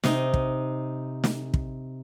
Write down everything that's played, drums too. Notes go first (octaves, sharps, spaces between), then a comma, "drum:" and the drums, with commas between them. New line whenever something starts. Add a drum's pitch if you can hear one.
C3 D#4, drum: snare
drum: kick
drum: snare
drum: kick